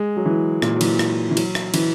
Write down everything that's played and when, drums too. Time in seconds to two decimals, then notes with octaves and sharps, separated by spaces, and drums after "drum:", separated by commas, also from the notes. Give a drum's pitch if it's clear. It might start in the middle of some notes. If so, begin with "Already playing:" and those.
Already playing: G#3
0.17 F#3
0.26 E3
0.62 A#2, drum: rim click
0.76 F#3
0.81 E3, drum: cymbal
0.99 drum: rim click
1.31 E3
1.37 F#3, drum: cymbal
1.55 drum: rim click
1.74 E3, drum: cymbal